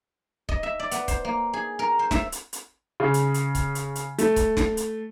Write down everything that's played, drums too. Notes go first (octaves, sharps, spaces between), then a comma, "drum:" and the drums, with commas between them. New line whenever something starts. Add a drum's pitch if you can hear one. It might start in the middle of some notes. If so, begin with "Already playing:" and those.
D#5, drum: kick C#1
E5
D5
B3, drum: hi-hat
C5, drum: kick C#1, hi-hat
A#3
G#4
A#4
C5
E5, drum: snare
drum: hi-hat
drum: hi-hat
C#3
drum: hi-hat
drum: hi-hat
drum: kick C#1, hi-hat
drum: hi-hat
drum: hi-hat
A3, drum: hi-hat
drum: kick C#1, hi-hat
drum: snare
drum: hi-hat